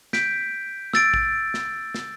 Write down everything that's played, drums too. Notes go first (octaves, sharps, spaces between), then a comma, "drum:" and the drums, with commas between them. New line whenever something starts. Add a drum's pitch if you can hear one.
G6 B6 D7, drum: snare
E6 A6 D7, drum: snare
drum: kick A1
drum: snare
drum: snare